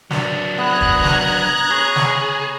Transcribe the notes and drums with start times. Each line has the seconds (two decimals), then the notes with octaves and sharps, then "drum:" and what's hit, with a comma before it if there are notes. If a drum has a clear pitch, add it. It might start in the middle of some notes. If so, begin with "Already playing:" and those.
0.11 F#3 D4, drum: snare
0.58 B3 A#5 F#6 G#6
0.81 drum: kick
1.04 drum: snare
1.71 G#4 C#5
1.96 drum: snare